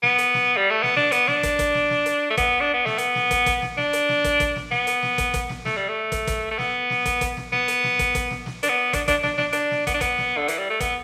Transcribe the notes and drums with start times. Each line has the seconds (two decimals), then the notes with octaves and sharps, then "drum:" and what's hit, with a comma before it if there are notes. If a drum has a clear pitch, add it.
0.03 B3, drum: snare
0.18 drum: hi-hat
0.34 drum: snare
0.57 G3
0.70 A3
0.83 B3, drum: snare
0.96 D4, drum: snare
1.12 B3, drum: hi-hat
1.28 D4, drum: snare
1.43 drum: kick, hi-hat
1.59 drum: kick, hi-hat
1.75 drum: snare
1.90 drum: snare
2.06 drum: hi-hat
2.30 A3
2.37 B3, drum: kick, hi-hat
2.60 D4
2.73 B3
2.86 A3, drum: snare
2.98 B3, drum: hi-hat
3.15 drum: snare
3.31 drum: kick, hi-hat
3.46 drum: kick, hi-hat
3.62 drum: snare
3.78 D4, drum: snare
3.93 drum: hi-hat
4.09 drum: snare
4.24 drum: kick, hi-hat
4.40 drum: kick, hi-hat
4.56 drum: snare
4.71 B3, drum: snare
4.87 drum: hi-hat
5.02 drum: snare
5.18 drum: kick, hi-hat
5.34 drum: kick, hi-hat
5.49 drum: snare
5.65 A3, drum: snare
5.76 G3
5.89 A3
6.12 drum: kick, hi-hat
6.27 drum: kick, hi-hat
6.51 A3
6.59 B3, drum: snare
6.90 drum: snare
7.05 drum: kick, hi-hat
7.21 drum: kick, hi-hat
7.37 drum: snare
7.52 B3, drum: snare
7.68 drum: hi-hat
7.84 drum: snare
7.99 drum: kick, hi-hat
8.15 drum: kick, hi-hat
8.30 drum: snare
8.46 drum: snare
8.63 D4, drum: hi-hat
8.69 B3
8.93 D4, drum: kick, hi-hat
9.08 D4, drum: kick, hi-hat
9.23 D4, drum: snare
9.38 D4, drum: snare
9.53 D4, drum: hi-hat
9.71 drum: snare
9.87 B3, drum: kick, hi-hat
9.94 D4
10.01 B3, drum: kick, hi-hat
10.18 drum: snare
10.37 D3
10.48 E3, drum: hi-hat
10.58 G3
10.70 A3
10.80 B3, drum: kick, hi-hat